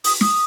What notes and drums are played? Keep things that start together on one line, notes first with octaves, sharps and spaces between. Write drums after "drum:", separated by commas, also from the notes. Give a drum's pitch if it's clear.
D#6, drum: open hi-hat
D#6, drum: snare